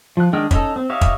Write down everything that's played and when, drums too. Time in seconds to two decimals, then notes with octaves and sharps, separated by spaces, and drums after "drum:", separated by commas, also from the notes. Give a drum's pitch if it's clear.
0.17 F3 F#6
0.33 D#3 G#3 D4 G5 F6
0.51 C#4 D#4 A4, drum: kick
0.76 C4
0.89 D#4 G4 C#5 E5 F5
1.01 drum: kick